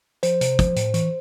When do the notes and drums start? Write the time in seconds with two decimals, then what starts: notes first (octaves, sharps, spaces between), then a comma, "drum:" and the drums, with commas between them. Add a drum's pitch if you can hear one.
0.23 F3 C5, drum: hi-hat
0.41 C3, drum: hi-hat
0.59 F3, drum: kick, hi-hat
0.76 A2, drum: hi-hat
0.94 E3, drum: hi-hat